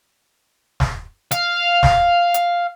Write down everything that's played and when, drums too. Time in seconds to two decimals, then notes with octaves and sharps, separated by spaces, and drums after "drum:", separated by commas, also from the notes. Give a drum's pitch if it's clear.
0.80 drum: snare
1.31 F5, drum: hi-hat
1.83 drum: snare
2.34 drum: hi-hat